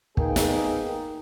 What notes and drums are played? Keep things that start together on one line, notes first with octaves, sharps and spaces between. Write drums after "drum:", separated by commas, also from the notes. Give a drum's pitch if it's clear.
A#3 B3 D#4 G#4 A#4 G5, drum: kick
drum: snare